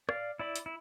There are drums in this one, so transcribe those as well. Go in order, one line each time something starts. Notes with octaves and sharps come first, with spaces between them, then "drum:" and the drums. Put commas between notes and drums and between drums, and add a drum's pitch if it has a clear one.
D5 F5, drum: rim click
E4 D5 B5
drum: hi-hat
E4